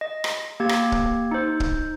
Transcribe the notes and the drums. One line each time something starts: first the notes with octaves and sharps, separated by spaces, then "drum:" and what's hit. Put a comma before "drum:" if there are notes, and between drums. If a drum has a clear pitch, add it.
D#5
drum: rim click
A#3 G4 G#6
drum: rim click
drum: kick
D#4 C5
drum: kick